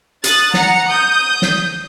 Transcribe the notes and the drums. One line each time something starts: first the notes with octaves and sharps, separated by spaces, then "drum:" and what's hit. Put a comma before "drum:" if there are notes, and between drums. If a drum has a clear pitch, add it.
D#6 F#6 A6, drum: hi-hat
F#5 A#5 C#7, drum: snare
D#6 G6
drum: snare